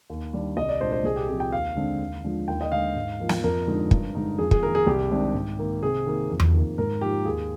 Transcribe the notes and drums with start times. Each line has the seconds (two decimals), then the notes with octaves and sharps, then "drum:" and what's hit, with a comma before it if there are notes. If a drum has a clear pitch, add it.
0.10 D#2
0.33 D#3 G3 D4
0.57 C2 D#5
0.69 D5
0.80 A#2 G#3 D4 C5
0.92 C5
1.04 C2 G#4
1.16 G4
1.29 C3 F3 G#4
1.40 G5
1.52 D#2 F5
1.76 D3 G#3 C4
2.01 D#2
2.24 D3 F3 G#3
2.48 D#2 G5
2.61 D#5
2.72 D3 G#3 F5
2.96 G#2
3.20 F3 A#3
3.29 drum: snare
3.44 F2 A#4
3.67 D3 F3 G#3 D#4
3.91 G2, drum: kick
4.15 D3 G#3 D#4
4.38 F2 G#4
4.51 G#4, drum: kick
4.63 D#3 A#3 D#4 A#4
4.75 G#4
4.87 C2 G4
5.10 C3 D#3 G#3 D4
5.34 G#2
5.59 D#3 A#3
5.82 C3 G#4
6.06 D#3 A#3
6.30 F2
6.40 drum: tom E2
6.54 D#3 A#3
6.78 G#2 A#4
7.01 F3 A#3 D#4 G4
7.25 D#2 G#4